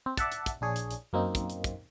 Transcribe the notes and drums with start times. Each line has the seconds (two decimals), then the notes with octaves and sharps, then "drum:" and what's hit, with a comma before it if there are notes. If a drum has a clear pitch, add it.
0.06 C4
0.17 D5 E5 F#5 A5, drum: kick, hi-hat
0.32 drum: hi-hat
0.46 drum: kick, hi-hat
0.61 A#1 D4 G#4 C#5
0.76 drum: hi-hat
0.91 drum: hi-hat
1.13 F#2 A#3 C4 D#4
1.35 drum: kick, hi-hat
1.50 drum: hi-hat
1.64 drum: kick, hi-hat